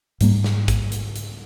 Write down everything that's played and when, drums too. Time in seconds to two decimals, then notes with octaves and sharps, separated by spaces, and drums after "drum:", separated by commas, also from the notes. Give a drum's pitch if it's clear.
0.21 G#2 G3 A#3, drum: hi-hat
0.44 drum: snare
0.68 drum: kick, hi-hat
0.92 drum: hi-hat
1.16 drum: hi-hat